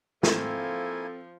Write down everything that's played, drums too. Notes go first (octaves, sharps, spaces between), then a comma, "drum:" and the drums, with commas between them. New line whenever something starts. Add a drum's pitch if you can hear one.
F3 A#3 C4 E4 A4 G#5, drum: snare